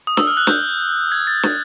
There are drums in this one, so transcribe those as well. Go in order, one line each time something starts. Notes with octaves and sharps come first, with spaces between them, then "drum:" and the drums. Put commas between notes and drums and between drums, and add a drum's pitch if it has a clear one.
D#6
E6, drum: snare
F6
F#6
G6, drum: snare
G#6
A6
drum: snare